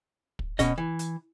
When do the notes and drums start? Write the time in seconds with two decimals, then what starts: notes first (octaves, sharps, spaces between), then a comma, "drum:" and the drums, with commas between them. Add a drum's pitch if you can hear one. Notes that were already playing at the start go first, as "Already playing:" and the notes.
0.39 drum: kick
0.59 B2 C#4 D#5, drum: kick, hi-hat
0.78 E3
0.99 drum: hi-hat